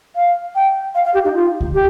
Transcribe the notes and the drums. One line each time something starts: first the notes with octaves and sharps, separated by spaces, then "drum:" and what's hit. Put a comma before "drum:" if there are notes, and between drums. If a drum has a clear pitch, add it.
F5
G5
F5
F5
G4
D#4
F4
drum: kick C#2
G4